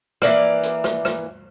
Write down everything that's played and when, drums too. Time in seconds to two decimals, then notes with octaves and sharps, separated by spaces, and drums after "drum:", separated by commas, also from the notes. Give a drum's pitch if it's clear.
0.22 E3 A#3 D5 F5, drum: rim click
0.63 drum: hi-hat
0.84 drum: rim click
1.05 drum: rim click